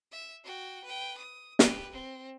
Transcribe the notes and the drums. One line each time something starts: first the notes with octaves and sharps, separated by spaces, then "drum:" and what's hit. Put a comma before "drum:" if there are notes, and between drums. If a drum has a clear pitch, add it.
E5
F#4 G5
B4 G5
D#6
G4 B4, drum: snare
C4